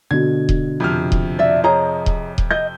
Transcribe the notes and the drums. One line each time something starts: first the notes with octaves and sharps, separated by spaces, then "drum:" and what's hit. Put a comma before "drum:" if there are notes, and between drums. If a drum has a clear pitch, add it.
B2 D3 G#6
drum: kick D#1
F2 C3 F6
drum: kick D#1
D5 E5
G#4 C#5 D#5 A#5
drum: kick D#1
drum: kick D#1
D#5 G6